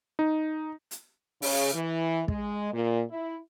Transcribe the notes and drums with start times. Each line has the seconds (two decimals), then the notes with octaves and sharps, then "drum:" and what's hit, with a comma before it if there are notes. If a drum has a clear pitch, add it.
0.19 D#4
0.91 drum: hi-hat
1.42 C#3, drum: open hi-hat
1.74 E3
2.28 G#3, drum: kick
2.73 A#2
3.10 E4